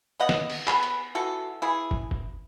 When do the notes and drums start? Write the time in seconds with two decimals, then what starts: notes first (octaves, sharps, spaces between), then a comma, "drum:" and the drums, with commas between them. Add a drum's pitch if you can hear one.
0.20 B3 D#5 F#5
0.29 drum: snare
0.50 drum: cymbal
0.67 B3 G#4 B4, drum: clap
0.83 drum: hi-hat
1.15 E3 F#4 A4
1.62 E3 E4 G#4
1.91 drum: kick
2.11 drum: kick